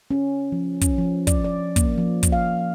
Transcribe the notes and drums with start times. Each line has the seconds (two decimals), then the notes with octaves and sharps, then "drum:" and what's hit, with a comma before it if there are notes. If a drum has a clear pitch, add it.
0.11 C#4
0.52 F3
0.81 C#4, drum: kick, hi-hat
0.98 F3
1.27 D5, drum: kick, hi-hat
1.44 D5
1.76 A#3, drum: kick, hi-hat
1.98 F3
2.23 drum: kick, hi-hat
2.32 F5